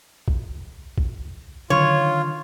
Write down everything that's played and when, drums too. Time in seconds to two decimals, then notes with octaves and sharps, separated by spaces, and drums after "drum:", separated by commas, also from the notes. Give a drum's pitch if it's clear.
0.28 drum: kick
0.98 drum: kick
1.70 D3 D#3 F#3 F4 C#5